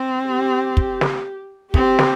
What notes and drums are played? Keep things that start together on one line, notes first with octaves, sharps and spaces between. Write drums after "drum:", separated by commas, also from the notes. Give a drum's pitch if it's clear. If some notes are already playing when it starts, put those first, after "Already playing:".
Already playing: C4
G4
drum: kick
drum: snare
C4 G4, drum: kick
drum: snare